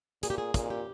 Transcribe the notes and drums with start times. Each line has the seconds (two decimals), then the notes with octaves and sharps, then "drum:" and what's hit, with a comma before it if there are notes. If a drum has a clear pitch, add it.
0.23 A#2 G#4, drum: hi-hat
0.30 G4
0.38 G#4
0.54 A#2, drum: kick, hi-hat
0.70 G4